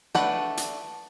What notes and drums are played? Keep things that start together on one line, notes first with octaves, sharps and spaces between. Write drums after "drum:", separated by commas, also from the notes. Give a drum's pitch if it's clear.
A3 D4 B4 F#5, drum: snare
drum: hi-hat